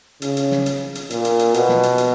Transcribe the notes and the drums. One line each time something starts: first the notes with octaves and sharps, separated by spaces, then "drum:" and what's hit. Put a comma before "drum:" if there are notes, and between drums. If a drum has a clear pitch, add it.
C#3, drum: hi-hat
drum: hi-hat
drum: snare
drum: hi-hat
drum: hi-hat
A#2, drum: hi-hat
drum: hi-hat
drum: hi-hat
B2, drum: hi-hat
drum: snare
drum: hi-hat
drum: hi-hat